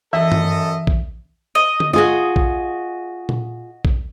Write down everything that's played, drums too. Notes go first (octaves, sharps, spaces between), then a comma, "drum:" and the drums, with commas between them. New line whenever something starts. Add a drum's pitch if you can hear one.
F#2 E3 A4 D#5 E5
drum: tom G2
drum: kick A#1
D#5
drum: tom D3
F4 F#4 G#4 D#5
drum: kick A#1
drum: tom A#2
drum: kick A#1